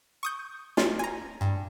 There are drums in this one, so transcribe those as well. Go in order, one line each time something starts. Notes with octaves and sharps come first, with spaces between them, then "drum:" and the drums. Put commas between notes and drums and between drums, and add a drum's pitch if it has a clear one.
C#6 D#6 G6
F4, drum: snare
G#5 A#5
G2